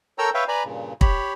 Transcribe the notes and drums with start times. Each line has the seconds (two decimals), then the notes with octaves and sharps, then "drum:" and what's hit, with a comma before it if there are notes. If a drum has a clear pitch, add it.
0.18 A4 A#4 C#5 G5 A#5 E6
0.34 B4 C#5 E5 F5 G5
0.48 B4 D5 G#5 A#5 B5
0.65 G2 A#2 C#3
1.01 G4 C#5 B5, drum: kick